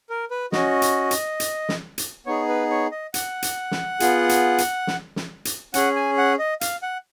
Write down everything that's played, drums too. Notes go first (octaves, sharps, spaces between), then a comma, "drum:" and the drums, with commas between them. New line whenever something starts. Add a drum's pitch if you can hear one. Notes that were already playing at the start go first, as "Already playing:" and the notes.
A#4
B4
C#4 F#4 D#5, drum: snare
drum: hi-hat
drum: hi-hat
drum: hi-hat
drum: snare
drum: hi-hat
B3 D#4 G#4 C#5
B4
C#5
D#5
F#5, drum: hi-hat
drum: hi-hat
drum: snare
B3 F4 G#4, drum: hi-hat
drum: hi-hat
drum: hi-hat
drum: snare
drum: snare
drum: hi-hat
C#4 G#4 F#5, drum: hi-hat
G#5
F#5
D#5
F5, drum: hi-hat
F#5